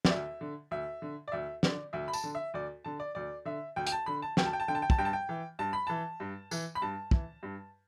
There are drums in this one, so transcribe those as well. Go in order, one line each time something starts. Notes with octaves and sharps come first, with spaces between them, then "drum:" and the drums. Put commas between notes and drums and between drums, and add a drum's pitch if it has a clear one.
D5, drum: snare
D2 E5
D3
D2 E5
D3
D5
D2 E5
D3 D5, drum: snare
D2 E5
B5
A5, drum: tambourine
D3
E5
D2 D5
D3 A5
D5
D2 D5
D3 E5
D2 G5
G5, drum: hi-hat
A5
D3 B5
A5
D2 G5, drum: snare
A5
G5
A5
D3 G5
A5
G5
A5, drum: kick
G2 G5
A5
G5
E3
G2 A5
B5
E3 A5
G2
E3, drum: tambourine
B5
G2 A5
E3, drum: kick
G2